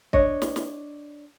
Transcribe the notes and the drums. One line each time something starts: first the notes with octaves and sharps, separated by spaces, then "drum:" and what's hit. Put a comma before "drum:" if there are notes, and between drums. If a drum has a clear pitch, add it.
D4 C#5 D#5, drum: kick
drum: snare
drum: snare